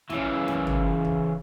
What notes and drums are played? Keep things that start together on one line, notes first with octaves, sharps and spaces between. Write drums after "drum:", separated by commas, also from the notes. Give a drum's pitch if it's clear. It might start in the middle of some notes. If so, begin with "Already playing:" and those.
C#3 E3, drum: snare
drum: snare
drum: tom
drum: kick